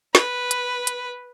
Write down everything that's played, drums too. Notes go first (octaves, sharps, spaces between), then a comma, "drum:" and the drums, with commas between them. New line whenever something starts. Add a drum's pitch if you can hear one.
B4, drum: snare
drum: hi-hat
drum: hi-hat